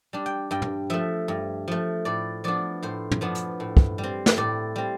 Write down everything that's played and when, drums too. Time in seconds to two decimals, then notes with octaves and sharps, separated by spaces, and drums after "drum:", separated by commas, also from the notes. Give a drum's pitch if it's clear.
0.13 G3 D4
0.26 G5
0.51 G2 G5
0.62 drum: tom
0.90 F3 A3 E5
1.28 G2
1.68 F3 A3
2.05 A2 D5
2.44 F3 B3 D4 D5
2.83 A2 C5
3.11 drum: tom
3.21 F3 B3 D4
3.35 drum: hi-hat
3.60 A2
3.77 drum: kick
3.98 G3
4.03 C4
4.26 drum: snare
4.37 A2 D5
4.76 G3 C4